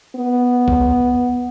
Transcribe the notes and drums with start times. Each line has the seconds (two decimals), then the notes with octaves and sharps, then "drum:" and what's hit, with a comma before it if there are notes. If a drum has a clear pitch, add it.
0.16 B3
0.68 drum: kick C2